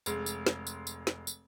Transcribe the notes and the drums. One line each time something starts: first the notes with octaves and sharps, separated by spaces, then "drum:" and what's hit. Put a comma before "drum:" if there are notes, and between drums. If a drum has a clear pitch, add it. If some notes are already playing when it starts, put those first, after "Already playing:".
F1 G#3, drum: tambourine
drum: tambourine
drum: snare
drum: tambourine
drum: tambourine
drum: snare
drum: tambourine